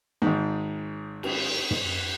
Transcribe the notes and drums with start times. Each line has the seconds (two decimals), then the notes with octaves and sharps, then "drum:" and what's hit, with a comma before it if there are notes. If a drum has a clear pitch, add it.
0.22 G#1 G#2
1.23 drum: cymbal
1.71 drum: tom